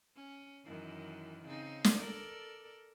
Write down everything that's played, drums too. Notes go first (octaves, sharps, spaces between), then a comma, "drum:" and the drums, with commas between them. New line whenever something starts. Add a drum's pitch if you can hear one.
C#4
F#2 D#3 E3
C#3 C4 D#4
drum: snare
A4 A#4 D5